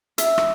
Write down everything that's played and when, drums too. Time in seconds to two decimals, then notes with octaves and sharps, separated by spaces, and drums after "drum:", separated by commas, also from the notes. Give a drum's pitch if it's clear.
0.18 E5, drum: hi-hat
0.38 drum: rim click